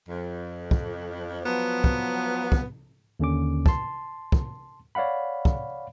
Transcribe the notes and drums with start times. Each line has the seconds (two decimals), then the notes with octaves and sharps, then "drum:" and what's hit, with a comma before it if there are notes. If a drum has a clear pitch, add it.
0.09 F2
0.71 drum: kick
1.45 F3 F#3 B3
1.84 drum: kick
2.52 drum: kick
3.20 D#2 D3 C#4 D6
3.66 A5 C6, drum: kick
4.32 drum: kick
4.95 C#5 D5 F5 F#5 B5
5.45 drum: kick